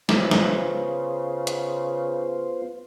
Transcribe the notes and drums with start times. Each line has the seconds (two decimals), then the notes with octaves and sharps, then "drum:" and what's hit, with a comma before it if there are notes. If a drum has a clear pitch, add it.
0.09 C#3 B3 F4 C5, drum: snare
0.31 drum: snare
1.47 drum: hi-hat